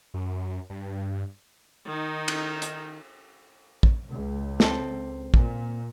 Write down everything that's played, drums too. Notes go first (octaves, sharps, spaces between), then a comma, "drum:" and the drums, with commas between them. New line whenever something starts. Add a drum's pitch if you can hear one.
F#2
G2
D#3 D#4
drum: cymbal
drum: hi-hat
drum: kick
C#2
C4 A4, drum: snare
A#2, drum: kick